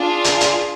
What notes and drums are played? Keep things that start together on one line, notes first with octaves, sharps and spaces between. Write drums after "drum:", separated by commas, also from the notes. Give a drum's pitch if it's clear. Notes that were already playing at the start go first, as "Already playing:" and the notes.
Already playing: D4 F4 G#4
drum: hi-hat
drum: hi-hat